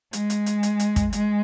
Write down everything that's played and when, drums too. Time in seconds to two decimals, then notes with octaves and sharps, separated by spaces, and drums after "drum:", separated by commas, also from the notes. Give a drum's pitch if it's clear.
0.13 G#3, drum: hi-hat
0.30 drum: hi-hat
0.46 drum: hi-hat
0.63 drum: hi-hat
0.80 drum: hi-hat
0.96 drum: kick, hi-hat
1.13 G#3, drum: hi-hat